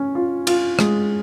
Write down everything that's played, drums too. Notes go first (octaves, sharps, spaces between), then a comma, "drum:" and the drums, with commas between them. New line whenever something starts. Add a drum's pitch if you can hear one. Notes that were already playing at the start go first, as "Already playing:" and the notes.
Already playing: C#4
F4
F4, drum: cymbal
G#3, drum: rim click